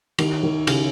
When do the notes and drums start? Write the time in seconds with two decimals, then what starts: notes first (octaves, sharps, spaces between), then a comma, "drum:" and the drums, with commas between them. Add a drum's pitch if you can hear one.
0.18 D#3, drum: cymbal
0.43 D#3
0.67 C#3, drum: cymbal